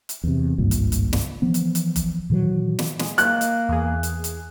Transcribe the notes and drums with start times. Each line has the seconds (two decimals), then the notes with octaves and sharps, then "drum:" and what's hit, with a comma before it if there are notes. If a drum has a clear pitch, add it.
0.09 drum: hi-hat
0.24 E2 C3
0.58 G#1 C#2 G2 A#2
0.71 drum: hi-hat
0.92 drum: hi-hat
1.13 drum: snare
1.42 E3 F3 B3
1.54 drum: hi-hat
1.75 drum: hi-hat
1.96 drum: kick F#1, hi-hat
2.30 A#2 D#3 E3 F#3
2.79 drum: snare
2.99 G#3, drum: snare
3.18 A#3 F#6, drum: hi-hat
3.41 drum: hi-hat
3.69 E2 G#4
4.03 drum: hi-hat
4.24 drum: hi-hat